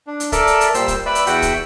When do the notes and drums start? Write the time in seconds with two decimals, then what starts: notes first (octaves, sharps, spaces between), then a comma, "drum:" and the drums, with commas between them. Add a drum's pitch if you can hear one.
0.07 D4
0.20 drum: hi-hat
0.32 A4 A#4 D5 E5 A5, drum: kick, hi-hat
0.47 drum: hi-hat
0.61 drum: hi-hat
0.74 A#2 G3 C5 E6, drum: hi-hat
0.88 drum: kick, hi-hat
1.06 B4 D5 E5 B5 E6
1.15 drum: hi-hat
1.26 E2 F#4 E5 F#5 G5, drum: hi-hat
1.42 drum: kick, hi-hat